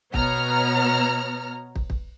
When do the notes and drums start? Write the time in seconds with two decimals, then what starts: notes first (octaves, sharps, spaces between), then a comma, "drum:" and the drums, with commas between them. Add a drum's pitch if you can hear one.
0.14 B2 B3 C#5 A#5 F6, drum: kick
1.76 drum: kick
1.90 drum: kick